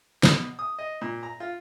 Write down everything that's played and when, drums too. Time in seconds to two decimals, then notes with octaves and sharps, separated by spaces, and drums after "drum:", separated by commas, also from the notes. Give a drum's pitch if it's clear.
0.23 B2, drum: snare
0.59 D#6
0.79 D#5
1.01 A#2
1.23 A#5
1.40 F4